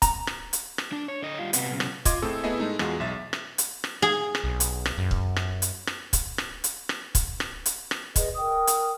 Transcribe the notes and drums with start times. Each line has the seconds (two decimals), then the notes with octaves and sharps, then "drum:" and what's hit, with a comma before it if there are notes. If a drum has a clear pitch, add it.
0.02 A#5, drum: kick C#1, hi-hat
0.27 drum: rim click
0.53 drum: hi-hat
0.78 drum: rim click
0.92 D4
1.08 C#5
1.23 D3 D#5
1.38 G3 F4
1.53 C3 B3, drum: hi-hat
1.71 B1 C#3
1.80 drum: rim click
2.05 F4 D#5 C6 D6 G#6, drum: kick C#1, hi-hat
2.22 A2 C4 G#4 A4 E6
2.44 A3 B3 E4 G#4 D#5 E5
2.60 G#3 A3 D#4
2.79 E2 G#3 F4 F#4 G#4, drum: rim click
3.00 B1 E5 A6
3.33 drum: rim click
3.58 drum: hi-hat
3.84 drum: rim click
4.02 G#4
4.35 drum: rim click
4.44 B1
4.60 drum: hi-hat
4.86 drum: rim click
4.98 F#2
5.11 drum: kick C#1
5.36 drum: rim click
5.62 drum: hi-hat
5.87 drum: rim click
6.13 drum: kick C#1, hi-hat
6.38 drum: rim click
6.64 drum: hi-hat
6.89 drum: rim click
7.15 drum: kick C#1, hi-hat
7.40 drum: rim click
7.66 drum: hi-hat
7.91 drum: rim click
8.16 G#4 B4 D5 D#5, drum: kick C#1, hi-hat
8.37 A#4 G5 D#6
8.67 drum: hi-hat